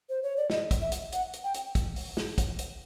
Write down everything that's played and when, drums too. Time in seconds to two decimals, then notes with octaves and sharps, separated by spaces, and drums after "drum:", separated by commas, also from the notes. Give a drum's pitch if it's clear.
0.09 C5
0.23 C#5
0.37 D5
0.50 D#5, drum: snare
0.71 drum: kick, hi-hat
0.81 E5
0.92 drum: hi-hat
1.12 F#5, drum: hi-hat
1.33 drum: hi-hat
1.44 G5
1.54 drum: hi-hat
1.75 drum: kick, hi-hat
1.96 drum: open hi-hat
2.17 drum: snare
2.38 drum: kick, hi-hat
2.59 drum: hi-hat